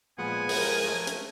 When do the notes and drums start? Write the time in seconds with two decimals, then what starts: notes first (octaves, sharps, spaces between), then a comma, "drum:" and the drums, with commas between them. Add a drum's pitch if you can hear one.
0.18 A#2 F3 G#3 B3 F#5 G#5
0.49 A#4, drum: open hi-hat
0.83 A3
1.07 drum: hi-hat